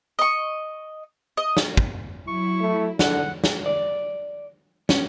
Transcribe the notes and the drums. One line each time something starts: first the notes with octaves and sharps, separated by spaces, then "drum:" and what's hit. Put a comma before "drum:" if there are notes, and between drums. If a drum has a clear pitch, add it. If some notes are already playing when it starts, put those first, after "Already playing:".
D#5 C#6
D#5
drum: snare
drum: kick
F#3 E4 C#6
A3
D3 F#5, drum: snare
drum: snare
D5
C#4, drum: snare